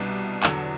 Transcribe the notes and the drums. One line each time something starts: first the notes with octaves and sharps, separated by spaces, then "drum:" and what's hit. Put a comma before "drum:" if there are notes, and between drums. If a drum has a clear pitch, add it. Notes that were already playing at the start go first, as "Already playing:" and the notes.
Already playing: C2 B2 G3 D4
E2 D3 F#3, drum: clap